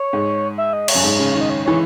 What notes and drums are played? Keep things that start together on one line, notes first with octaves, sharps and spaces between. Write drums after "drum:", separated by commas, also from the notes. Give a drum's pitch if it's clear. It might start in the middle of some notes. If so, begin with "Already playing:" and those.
Already playing: C#5
G#2
E5
D#5
C#5, drum: cymbal
F#2
G#2
C#3
D#3
D#5
C#5
E3 C#5